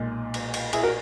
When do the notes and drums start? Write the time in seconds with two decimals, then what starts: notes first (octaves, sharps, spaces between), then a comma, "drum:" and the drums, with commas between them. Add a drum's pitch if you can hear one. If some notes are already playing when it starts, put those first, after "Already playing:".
Already playing: B1 A#2 G#3
0.34 drum: cymbal
0.54 drum: cymbal
0.73 E4 G#4, drum: cymbal
0.83 F#4 A#4